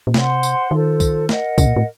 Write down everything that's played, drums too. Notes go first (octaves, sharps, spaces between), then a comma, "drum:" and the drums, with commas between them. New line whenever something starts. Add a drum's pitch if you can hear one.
A#2
C3 C5 F#5 C6, drum: snare
drum: tambourine
D#3 F4 A4 C5
drum: kick, tambourine
A#4 D#5 F#5, drum: snare
C#3, drum: kick, tambourine
A#2
A2